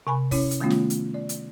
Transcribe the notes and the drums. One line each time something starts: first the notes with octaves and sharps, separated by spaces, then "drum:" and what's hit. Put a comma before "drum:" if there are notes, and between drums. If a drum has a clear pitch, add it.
C3 G#5 B5
C#4 E4 C#5, drum: kick, open hi-hat
drum: hi-hat
D#3 G3 A3 B3 C#4 F4
drum: snare
drum: hi-hat
D5
drum: hi-hat